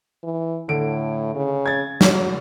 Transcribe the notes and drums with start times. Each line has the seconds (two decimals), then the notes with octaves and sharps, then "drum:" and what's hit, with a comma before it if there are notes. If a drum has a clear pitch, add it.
0.23 E3
0.69 A2 D3 D7
1.35 C#3
1.66 G#6 A6
2.01 F#3, drum: snare